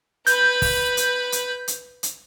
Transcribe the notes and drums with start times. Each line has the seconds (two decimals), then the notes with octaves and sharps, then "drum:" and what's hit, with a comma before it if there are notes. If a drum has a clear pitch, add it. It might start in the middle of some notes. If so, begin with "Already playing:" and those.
0.27 B4 B5 G6, drum: hi-hat
0.62 drum: kick, open hi-hat
0.97 drum: hi-hat
1.32 drum: hi-hat
1.68 drum: hi-hat
2.03 drum: hi-hat